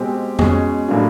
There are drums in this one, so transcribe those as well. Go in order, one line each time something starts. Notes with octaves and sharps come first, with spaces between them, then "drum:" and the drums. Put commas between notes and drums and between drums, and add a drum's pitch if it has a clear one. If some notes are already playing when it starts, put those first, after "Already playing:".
Already playing: B2 G#3 C4 G4
B2 G#3 C#4 G#4, drum: tom F2
A2 F#3 A#3 D4